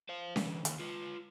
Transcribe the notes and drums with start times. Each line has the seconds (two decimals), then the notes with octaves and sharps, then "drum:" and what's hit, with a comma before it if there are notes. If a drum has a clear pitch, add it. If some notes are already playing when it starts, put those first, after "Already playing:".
0.09 C5 F5
0.36 D3 E3, drum: snare C#4
0.65 D#2, drum: hi-hat
0.79 F4 B4